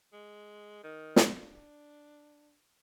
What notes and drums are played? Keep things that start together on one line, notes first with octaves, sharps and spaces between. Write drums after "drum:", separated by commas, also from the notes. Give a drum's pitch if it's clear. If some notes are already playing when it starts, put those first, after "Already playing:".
G#3
D#3
drum: snare
D4